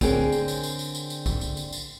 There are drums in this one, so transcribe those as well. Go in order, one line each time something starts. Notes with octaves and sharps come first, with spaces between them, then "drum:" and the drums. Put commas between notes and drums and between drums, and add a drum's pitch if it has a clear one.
D3 C4 G#4 A#4 C#5, drum: kick, tambourine
drum: tambourine
drum: tambourine
drum: tambourine
drum: tambourine
drum: tambourine
drum: tambourine
drum: kick, tambourine
drum: tambourine
drum: tambourine
drum: tambourine